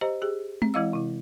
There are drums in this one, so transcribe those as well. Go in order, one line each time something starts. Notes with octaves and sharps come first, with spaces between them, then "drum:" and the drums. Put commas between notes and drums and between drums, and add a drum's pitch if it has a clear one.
G4 C5 D#5 A#5
G4 G#4
C4, drum: tom G#3
E3 G#3 E4 D#5 F5 E6
C3 E4